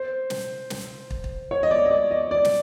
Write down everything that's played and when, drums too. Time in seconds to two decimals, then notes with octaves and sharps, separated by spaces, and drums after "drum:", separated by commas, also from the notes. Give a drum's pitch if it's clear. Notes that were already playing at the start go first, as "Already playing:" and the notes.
Already playing: C5
0.30 drum: snare
0.70 drum: snare
1.10 drum: kick
1.24 drum: kick
1.51 C#5
1.63 D#5
1.71 D5
1.86 D#5
1.91 D5
2.11 D#5
2.31 D5
2.45 drum: snare